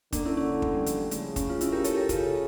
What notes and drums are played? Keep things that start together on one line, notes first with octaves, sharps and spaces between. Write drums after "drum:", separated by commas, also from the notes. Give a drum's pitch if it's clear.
D3 A#3 D4, drum: kick, hi-hat
C#4 E4
C#4
A3, drum: kick
G3
F3, drum: hi-hat
G3
C#3 A3, drum: hi-hat
C#4, drum: kick, hi-hat
F4
C#4 E4, drum: hi-hat
G4 A#4
A4 C#5, drum: hi-hat
G4 A#4
C#3 F4 A4, drum: kick, hi-hat